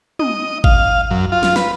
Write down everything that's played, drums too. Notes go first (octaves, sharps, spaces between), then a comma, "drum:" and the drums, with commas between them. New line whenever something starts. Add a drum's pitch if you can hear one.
D#5, drum: tom
F5, drum: kick
F#2
F4
drum: snare
B4, drum: snare